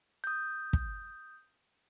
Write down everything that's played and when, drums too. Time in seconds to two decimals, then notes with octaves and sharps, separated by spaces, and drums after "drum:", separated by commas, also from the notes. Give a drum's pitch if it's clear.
0.24 D#6 G6
0.73 drum: kick